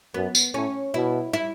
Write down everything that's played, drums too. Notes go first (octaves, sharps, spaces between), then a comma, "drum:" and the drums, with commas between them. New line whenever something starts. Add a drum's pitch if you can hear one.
F#2 B3
drum: tambourine
A2 C#4
B2 E4
E4